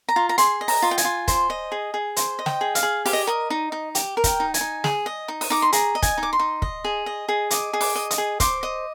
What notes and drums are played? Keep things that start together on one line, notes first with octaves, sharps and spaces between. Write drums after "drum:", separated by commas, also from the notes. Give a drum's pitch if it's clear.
A#5
F4
A#5
G#4 C6, drum: hi-hat
D#5
A#5, drum: open hi-hat
F4
G5
G#5, drum: hi-hat
F4
C5, drum: kick, hi-hat
D#5
G#4
G#4
C5, drum: hi-hat
D#5
G5, drum: snare
G#4
F5, drum: hi-hat
G#4
G4 F5, drum: open hi-hat
D#5
A#4 D#5
D#4
D#4
G4, drum: hi-hat
A#4
G5, drum: kick, hi-hat
D#4
G#5, drum: hi-hat
D#4
G#4, drum: snare
D#5
D#4
D#6, drum: open hi-hat
D#4 D6
C6
G#4 A#5, drum: hi-hat
D#5
G#5, drum: kick, hi-hat
D#4
D6
C6
D#4
D#5, drum: kick
G#4
D#5
G#4
D#5 D6, drum: hi-hat
G#4
D6, drum: open hi-hat
D#5
D#6, drum: hi-hat
G#4
C5 D6, drum: kick, hi-hat
D#5